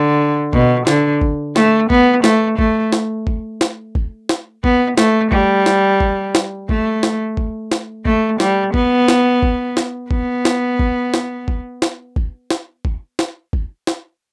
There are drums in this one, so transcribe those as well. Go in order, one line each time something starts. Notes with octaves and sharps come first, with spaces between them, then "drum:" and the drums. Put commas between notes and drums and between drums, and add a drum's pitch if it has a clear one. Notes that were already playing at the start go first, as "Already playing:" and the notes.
Already playing: D3
B2, drum: kick G1
D3, drum: snare
drum: kick G1
A3, drum: snare
B3, drum: kick G1
A3, drum: snare
A3, drum: kick G1
drum: snare
drum: kick G1
drum: snare
drum: kick G1
drum: snare
B3, drum: kick G1
A3, drum: snare
G3, drum: kick G1
drum: snare
drum: kick G1
drum: snare
A3, drum: kick G1
drum: snare
drum: kick G1
drum: snare
A3, drum: kick G1
G3, drum: snare
B3, drum: kick G1
drum: snare
drum: kick G1
drum: snare
B3, drum: kick G1
drum: snare
drum: kick G1
drum: snare
drum: kick G1
drum: snare
drum: kick G1
drum: snare
drum: kick G1
drum: snare
drum: kick G1
drum: snare